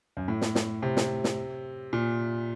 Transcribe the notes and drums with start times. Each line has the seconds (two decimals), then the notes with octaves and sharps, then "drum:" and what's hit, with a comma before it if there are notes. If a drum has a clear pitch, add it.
0.17 F#2
0.28 A2
0.41 drum: snare
0.55 drum: snare
0.83 C3
0.97 drum: snare
1.24 drum: snare
1.93 A#2